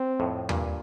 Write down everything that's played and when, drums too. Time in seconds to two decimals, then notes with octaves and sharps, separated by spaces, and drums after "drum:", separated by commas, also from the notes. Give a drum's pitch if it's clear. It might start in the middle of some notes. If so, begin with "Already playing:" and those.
Already playing: C4
0.20 F2 A2
0.49 G2 A#2, drum: tom D#2